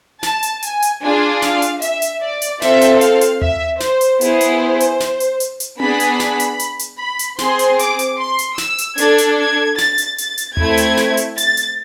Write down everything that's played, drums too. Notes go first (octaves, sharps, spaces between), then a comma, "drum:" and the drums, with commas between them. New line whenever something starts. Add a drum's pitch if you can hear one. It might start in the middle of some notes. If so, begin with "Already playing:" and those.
A5, drum: snare
drum: hi-hat
G#5, drum: hi-hat
drum: hi-hat
D4 F4 G#4 G#5
F5, drum: snare
drum: hi-hat
E5, drum: hi-hat
drum: hi-hat
D5
drum: hi-hat
C4 F4 A4 E5, drum: snare
drum: hi-hat
F5, drum: hi-hat
drum: hi-hat
E5, drum: tom D#2
C5, drum: snare
drum: hi-hat
B3 E4 G#4 C5, drum: hi-hat
drum: hi-hat
drum: hi-hat
drum: snare
drum: hi-hat
drum: hi-hat
drum: hi-hat
B3 D4 G#4 B5, drum: tom C4
drum: hi-hat
drum: snare
drum: hi-hat
drum: hi-hat
drum: hi-hat
B5
drum: hi-hat
C4 G#4 C6, drum: snare
drum: hi-hat
D6, drum: hi-hat
drum: hi-hat
C6
drum: hi-hat
E6, drum: snare
drum: hi-hat
D4 A4 G#6, drum: hi-hat
drum: hi-hat
G#6
A6, drum: snare
drum: hi-hat
A6, drum: hi-hat
drum: hi-hat
A3 C4 E4 G#6, drum: tom D#2
drum: hi-hat
drum: snare
drum: hi-hat
A6, drum: hi-hat
drum: hi-hat